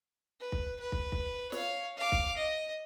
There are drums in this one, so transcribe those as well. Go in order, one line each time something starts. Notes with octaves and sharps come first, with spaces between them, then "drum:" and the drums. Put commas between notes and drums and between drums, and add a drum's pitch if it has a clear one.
B4
drum: kick
B4
drum: kick
drum: kick
C#5 F5, drum: snare
F5 D6
drum: kick
D#5